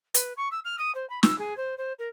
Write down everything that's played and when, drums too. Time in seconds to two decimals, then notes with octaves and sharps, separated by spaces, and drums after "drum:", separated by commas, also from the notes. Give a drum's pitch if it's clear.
0.14 B4, drum: hi-hat
0.37 C#6
0.51 E6
0.65 F6
0.78 D#6
0.95 C5
1.10 B5
1.23 E6, drum: snare
1.39 G#4
1.57 C5
1.78 C5
1.99 A#4